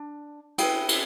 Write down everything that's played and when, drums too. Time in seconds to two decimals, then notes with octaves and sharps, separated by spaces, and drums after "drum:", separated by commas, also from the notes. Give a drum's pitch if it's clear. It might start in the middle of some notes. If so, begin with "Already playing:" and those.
Already playing: D4
0.58 E4 G#4 B4 G5, drum: cymbal
0.89 drum: cymbal